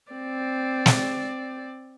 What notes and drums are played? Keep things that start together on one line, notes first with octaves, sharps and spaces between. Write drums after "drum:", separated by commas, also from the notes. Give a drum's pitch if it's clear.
C4 D5
drum: snare